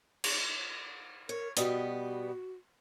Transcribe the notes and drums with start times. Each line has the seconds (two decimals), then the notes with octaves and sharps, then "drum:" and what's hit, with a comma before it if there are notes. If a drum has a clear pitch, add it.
0.24 drum: cymbal
1.29 A#4 C#5
1.57 B2 G3 B3 F#4, drum: hi-hat